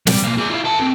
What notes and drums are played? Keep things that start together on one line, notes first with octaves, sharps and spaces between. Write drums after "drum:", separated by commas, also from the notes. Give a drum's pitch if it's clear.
G3, drum: snare
B1 A#3
G#4 D5
E4 F4
A#4 A5
D3 C4